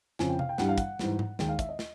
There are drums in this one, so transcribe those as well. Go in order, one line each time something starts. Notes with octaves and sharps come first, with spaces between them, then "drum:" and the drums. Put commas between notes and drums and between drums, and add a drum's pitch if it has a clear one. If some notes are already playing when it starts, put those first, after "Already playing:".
F2 C#3 F3 G#5, drum: snare
G5
F5, drum: tom C3
G5
G2 E3 G3 F#5, drum: snare
F5
F#5, drum: kick, hi-hat
G#2 E3 G3, drum: snare
drum: tom G#2
D#2 D#3 G#3 G5, drum: snare
F5
E5, drum: kick, hi-hat
D#5
drum: snare